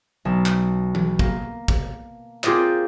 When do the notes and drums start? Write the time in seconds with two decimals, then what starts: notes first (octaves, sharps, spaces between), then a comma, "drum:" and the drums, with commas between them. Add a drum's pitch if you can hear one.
0.25 B1 A5
0.46 drum: clap
0.95 drum: tom E3
1.19 A#3, drum: kick
1.68 drum: kick
2.44 C4 F4 G4 G#4 A#4 D5, drum: clap